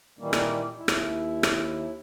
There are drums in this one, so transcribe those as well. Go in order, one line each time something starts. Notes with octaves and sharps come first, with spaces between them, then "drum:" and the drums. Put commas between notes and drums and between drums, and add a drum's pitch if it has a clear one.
A#2 D#3 E3 G3 A#3
drum: rim click
D#2 E4
drum: rim click
drum: rim click